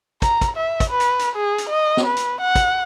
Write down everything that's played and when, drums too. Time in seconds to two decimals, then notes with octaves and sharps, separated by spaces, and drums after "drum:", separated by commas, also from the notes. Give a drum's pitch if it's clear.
0.22 A#5, drum: kick, hi-hat
0.41 drum: kick, hi-hat
0.57 E5
0.80 drum: kick, hi-hat
0.90 B4
1.00 drum: hi-hat
1.19 drum: hi-hat
1.36 G#4
1.58 drum: hi-hat
1.70 D#5
1.97 drum: snare
2.06 B4
2.17 drum: hi-hat
2.41 F#5
2.55 drum: kick, hi-hat